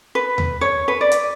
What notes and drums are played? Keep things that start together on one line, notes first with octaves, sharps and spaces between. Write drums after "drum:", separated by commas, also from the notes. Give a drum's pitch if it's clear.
B4
drum: tom D#2
C#5
B4
D5
drum: hi-hat